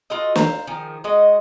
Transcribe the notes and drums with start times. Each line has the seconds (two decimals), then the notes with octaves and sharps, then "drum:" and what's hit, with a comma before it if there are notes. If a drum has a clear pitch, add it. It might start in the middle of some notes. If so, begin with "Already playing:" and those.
0.10 F4 F#4 A4 D#5
0.36 C5 F5 A#5, drum: snare
0.67 D#3 F3 G#4
1.04 G#3 F#4 D#5